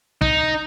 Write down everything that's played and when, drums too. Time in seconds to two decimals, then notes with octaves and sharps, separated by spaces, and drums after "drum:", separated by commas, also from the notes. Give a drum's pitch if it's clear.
0.21 D#4, drum: kick